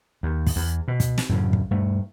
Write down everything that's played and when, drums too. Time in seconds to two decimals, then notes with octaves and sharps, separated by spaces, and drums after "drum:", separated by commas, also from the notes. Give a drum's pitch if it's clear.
0.23 D#2
0.47 drum: kick, open hi-hat
0.56 E2
0.88 B2
1.00 drum: kick, hi-hat
1.18 drum: snare
1.29 F#2 A2 C#3
1.53 drum: kick
1.71 G2 A3